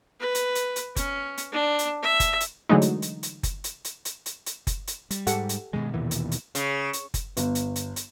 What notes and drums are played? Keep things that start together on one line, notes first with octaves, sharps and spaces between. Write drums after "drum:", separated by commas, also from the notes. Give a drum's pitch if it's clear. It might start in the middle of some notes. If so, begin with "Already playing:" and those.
B4
drum: hi-hat
drum: hi-hat
drum: hi-hat
C#4, drum: kick F#1, hi-hat
drum: hi-hat
D4
drum: hi-hat
E5
drum: kick F#1, hi-hat
drum: hi-hat
D3 E3 F#3 G#3 A3 D#4
drum: hi-hat
drum: hi-hat
drum: hi-hat
drum: kick F#1, hi-hat
drum: hi-hat
drum: hi-hat
drum: hi-hat
drum: hi-hat
drum: hi-hat
drum: kick F#1, hi-hat
drum: hi-hat
G3, drum: hi-hat
G#2 G4 A4 F#5, drum: hi-hat
drum: hi-hat
G2 B2 D#3 G#3
D#2 A#2 E3
drum: hi-hat
drum: hi-hat
C#3, drum: hi-hat
drum: hi-hat
drum: kick F#1, hi-hat
G1, drum: hi-hat
drum: hi-hat
drum: hi-hat
drum: hi-hat